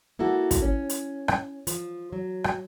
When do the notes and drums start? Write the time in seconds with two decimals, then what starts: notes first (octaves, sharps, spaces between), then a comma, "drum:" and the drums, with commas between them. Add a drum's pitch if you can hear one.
0.19 A#3 E4 F#4 A4
0.51 drum: kick, hi-hat
0.62 C#4
0.89 drum: hi-hat
1.28 drum: rim click
1.67 F3, drum: hi-hat
2.13 F#3
2.44 drum: rim click